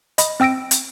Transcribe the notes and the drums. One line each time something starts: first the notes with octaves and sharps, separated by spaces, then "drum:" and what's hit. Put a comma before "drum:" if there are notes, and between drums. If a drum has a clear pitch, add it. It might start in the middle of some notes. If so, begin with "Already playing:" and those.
D#5 B5, drum: hi-hat
C4 G5 E6 A#6 D7
drum: hi-hat